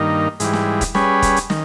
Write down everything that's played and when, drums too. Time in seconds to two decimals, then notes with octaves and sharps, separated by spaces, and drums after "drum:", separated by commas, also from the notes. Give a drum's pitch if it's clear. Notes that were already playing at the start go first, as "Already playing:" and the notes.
Already playing: G2 D#3 A#3 D#4
0.40 G#2 E3 G3, drum: hi-hat
0.53 drum: snare
0.81 drum: kick, hi-hat
0.95 G3 C#4 G#4 B4, drum: snare
1.22 drum: kick, hi-hat
1.36 drum: hi-hat
1.50 D#3, drum: snare